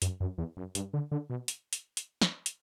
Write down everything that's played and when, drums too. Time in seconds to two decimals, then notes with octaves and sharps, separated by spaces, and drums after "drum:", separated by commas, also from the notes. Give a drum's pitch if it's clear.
0.02 F#2, drum: hi-hat
0.20 F#2
0.38 E2
0.57 F#2
0.75 G2, drum: hi-hat
0.93 D3
1.11 D3
1.30 B2
1.48 drum: hi-hat
1.73 drum: hi-hat
1.97 drum: hi-hat
2.21 drum: snare
2.46 drum: hi-hat